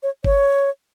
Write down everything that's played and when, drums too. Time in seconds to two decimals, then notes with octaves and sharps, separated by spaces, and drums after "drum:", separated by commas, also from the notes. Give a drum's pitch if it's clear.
0.03 C#5
0.24 C#5, drum: kick G1